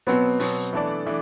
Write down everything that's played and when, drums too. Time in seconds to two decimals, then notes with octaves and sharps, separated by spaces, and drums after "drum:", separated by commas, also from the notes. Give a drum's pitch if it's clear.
0.07 B2 F#3 B3 C4
0.40 B2 F#3 C4, drum: open hi-hat
0.73 E3 A3 D4 A4 D5
1.06 E3 A3 D4